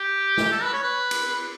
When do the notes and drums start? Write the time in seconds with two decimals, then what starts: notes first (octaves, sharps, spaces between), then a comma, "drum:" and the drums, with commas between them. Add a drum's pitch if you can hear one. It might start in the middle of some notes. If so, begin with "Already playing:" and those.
Already playing: G4
0.37 drum: snare
0.52 A4
0.63 B4
0.73 C#5
0.84 B4
1.11 drum: cymbal